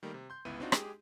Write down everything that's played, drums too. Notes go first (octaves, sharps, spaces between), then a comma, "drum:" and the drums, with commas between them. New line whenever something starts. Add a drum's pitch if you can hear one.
D#3 G3 A3 A#3
C3
C6 G6
G1 C#2 B3 E4 D#7
C4 D4 D#4 F4 F#4
G#3 G4 G#4, drum: rim click